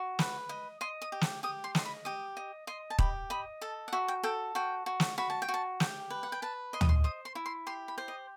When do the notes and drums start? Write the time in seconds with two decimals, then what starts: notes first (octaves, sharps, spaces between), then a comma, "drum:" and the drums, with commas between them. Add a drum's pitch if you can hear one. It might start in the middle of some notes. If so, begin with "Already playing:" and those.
Already playing: F#4
0.19 B4, drum: snare
0.49 D#5
0.81 D#5 C6
1.02 D#6
1.12 G4
1.21 drum: snare
1.43 G4 D#6
1.64 C6
1.75 D#5 C6, drum: snare
1.85 B5
2.05 G4 D#6
2.37 D#5
2.67 D#5 C6
2.90 A5
2.99 G4 B5, drum: kick
3.30 D#5 B5
3.61 A4 A5
3.88 F#5
3.93 F#4 E5
4.08 G5
4.23 A4 G5
4.55 F#4 G5
4.86 F#4
5.00 drum: snare
5.18 F#4 B5
5.30 A5
5.42 G5
5.49 F#4
5.54 A5
5.80 G4 G5, drum: snare
6.10 B4
6.23 F#5
6.32 G5
6.42 B4 A5
6.73 D#5 C6
6.81 D#6, drum: tom
6.89 C6
7.04 C5 D#6
7.25 C6
7.35 E4
7.46 C6
7.67 G4 C6
7.88 B5
7.98 C5
8.08 D#5